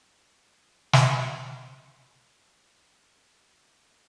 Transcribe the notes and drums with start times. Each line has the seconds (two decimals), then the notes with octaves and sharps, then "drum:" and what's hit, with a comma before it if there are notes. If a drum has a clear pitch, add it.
0.08 E1 E3 G#3 C#4
0.93 drum: snare
3.10 G#4
3.28 C3
3.42 F3
3.59 G4
3.81 G4